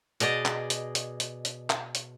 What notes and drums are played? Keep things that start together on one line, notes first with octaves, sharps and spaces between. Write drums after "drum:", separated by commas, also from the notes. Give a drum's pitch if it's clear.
B2 G#4 D5 D#5, drum: hi-hat
drum: clap
drum: hi-hat
drum: hi-hat
drum: hi-hat
drum: hi-hat
drum: clap
drum: hi-hat